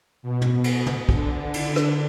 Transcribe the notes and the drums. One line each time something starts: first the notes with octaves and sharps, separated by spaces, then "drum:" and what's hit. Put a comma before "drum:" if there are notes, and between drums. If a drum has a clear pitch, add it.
B2
drum: tom
drum: cymbal
drum: tom
D3, drum: kick
drum: cymbal
drum: rim click